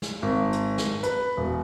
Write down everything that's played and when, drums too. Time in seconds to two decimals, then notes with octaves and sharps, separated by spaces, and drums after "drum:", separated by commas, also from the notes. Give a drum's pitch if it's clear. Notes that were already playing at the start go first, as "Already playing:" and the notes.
0.02 drum: snare
0.22 G#1
0.53 drum: hi-hat
0.78 drum: snare
1.03 B4, drum: hi-hat
1.37 E1